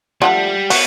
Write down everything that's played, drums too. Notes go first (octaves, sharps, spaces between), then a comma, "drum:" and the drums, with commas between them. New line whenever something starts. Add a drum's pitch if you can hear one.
F3 G3 A3 D4 F#5
B3 F#4, drum: open hi-hat